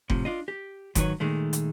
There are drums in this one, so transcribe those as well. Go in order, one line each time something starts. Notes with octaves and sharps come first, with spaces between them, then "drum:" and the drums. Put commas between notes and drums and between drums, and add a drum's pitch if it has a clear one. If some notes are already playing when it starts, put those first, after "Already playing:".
A2 C3 F3, drum: kick F#1
D4 F4 D#5
G4
G#2 D#3 F#3 F#4 B4 C#5, drum: kick F#1, hi-hat
A#2 D#3 G#3 A3
drum: hi-hat